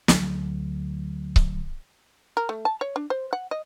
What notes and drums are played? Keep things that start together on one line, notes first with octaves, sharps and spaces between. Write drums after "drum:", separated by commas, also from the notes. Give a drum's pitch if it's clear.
D2 F#3, drum: snare
drum: kick C#1
A#4
A3
A5
C#5
D4
C5
F#5
D#5